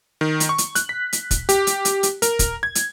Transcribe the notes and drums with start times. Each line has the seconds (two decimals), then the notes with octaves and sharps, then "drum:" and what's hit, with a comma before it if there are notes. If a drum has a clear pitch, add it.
0.21 D#3
0.40 drum: hi-hat
0.49 C#6
0.58 drum: hi-hat
0.75 F#6, drum: hi-hat
0.89 B6
1.13 drum: hi-hat
1.31 drum: kick, hi-hat
1.49 G4, drum: hi-hat
1.67 drum: hi-hat
1.85 drum: hi-hat
2.03 drum: hi-hat
2.22 A#4, drum: hi-hat
2.39 drum: kick, hi-hat
2.63 G#6
2.75 drum: hi-hat